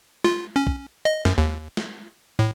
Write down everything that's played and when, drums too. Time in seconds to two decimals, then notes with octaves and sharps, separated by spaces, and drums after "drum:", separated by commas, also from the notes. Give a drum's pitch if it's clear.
0.24 F4, drum: snare
0.56 C#4
0.67 drum: kick
1.05 D#5
1.25 F#2, drum: snare
1.38 D#2
1.77 drum: snare
2.39 A2